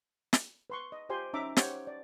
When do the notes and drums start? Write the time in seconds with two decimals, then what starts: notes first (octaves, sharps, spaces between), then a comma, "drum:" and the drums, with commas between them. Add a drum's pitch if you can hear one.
0.33 drum: snare
0.70 B4 C6 C#6
0.92 D#5
1.09 F4 G4 C5 G#5 C6
1.33 C#4 D#4 E5 A#5 D6
1.57 G4 C5 C#5 F#5, drum: snare
1.87 D5